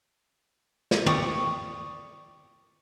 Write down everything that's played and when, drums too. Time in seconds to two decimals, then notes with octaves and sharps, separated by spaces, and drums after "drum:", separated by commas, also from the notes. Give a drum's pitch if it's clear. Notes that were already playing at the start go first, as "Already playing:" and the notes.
0.91 drum: snare
1.06 D5 G5 C#6 D#6, drum: tom